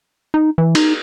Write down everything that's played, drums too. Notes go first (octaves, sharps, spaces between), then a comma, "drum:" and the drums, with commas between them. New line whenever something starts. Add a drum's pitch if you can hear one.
D#4
E3
D#4, drum: cymbal